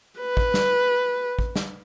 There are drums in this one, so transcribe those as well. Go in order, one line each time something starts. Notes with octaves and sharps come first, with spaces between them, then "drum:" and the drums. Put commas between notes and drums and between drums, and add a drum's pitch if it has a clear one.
B4
drum: kick
drum: snare
drum: kick
drum: snare